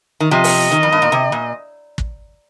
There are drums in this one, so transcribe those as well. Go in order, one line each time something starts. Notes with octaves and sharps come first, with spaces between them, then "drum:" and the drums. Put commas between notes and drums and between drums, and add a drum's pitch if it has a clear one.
D#3
C3 F3 D#5
drum: open hi-hat
D#3
F2
G2
A#2
C3
A#2
drum: kick